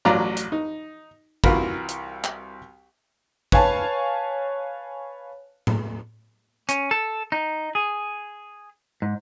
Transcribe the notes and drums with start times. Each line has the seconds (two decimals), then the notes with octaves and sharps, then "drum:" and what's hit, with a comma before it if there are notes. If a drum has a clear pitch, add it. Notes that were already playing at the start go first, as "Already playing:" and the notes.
0.05 A1 F#3 F4 D5 A#5
0.37 drum: hi-hat
0.52 D#4
1.44 C2 E3 F4 F#4 A#4 B5, drum: kick
1.89 drum: hi-hat
2.24 drum: clap
3.52 B4 C#5 F5 G#5 A5, drum: kick
5.67 drum: tom A2
6.69 C#4, drum: hi-hat
6.91 A4
7.32 D#4
7.75 G#4
9.02 G#2